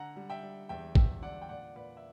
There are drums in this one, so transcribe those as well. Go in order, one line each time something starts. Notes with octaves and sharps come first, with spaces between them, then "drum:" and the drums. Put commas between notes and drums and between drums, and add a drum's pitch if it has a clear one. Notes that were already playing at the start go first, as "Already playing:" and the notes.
Already playing: D3 F#5 A#5
G3
E5 G5
G3
E2 E5 G5
E2 E5 G5, drum: kick G#1
D3 D5 F#5
G5
A#2 D5 F#5
A#2 B4 D5
E5